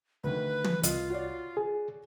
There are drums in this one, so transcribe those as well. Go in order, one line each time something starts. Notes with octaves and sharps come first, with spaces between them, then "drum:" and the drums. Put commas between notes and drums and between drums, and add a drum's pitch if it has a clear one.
D2 D#3 B4
drum: tom
C2 F4 D#5, drum: hi-hat
F#4 C#5 D5
G#4